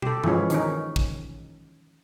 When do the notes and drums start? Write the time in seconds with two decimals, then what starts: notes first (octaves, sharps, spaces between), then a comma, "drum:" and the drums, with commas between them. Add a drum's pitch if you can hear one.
0.02 G4 A4, drum: tom
0.24 E3 F3 G#3 C#4, drum: tom G2
0.50 D#3 C#4 D#4, drum: hi-hat
0.96 drum: kick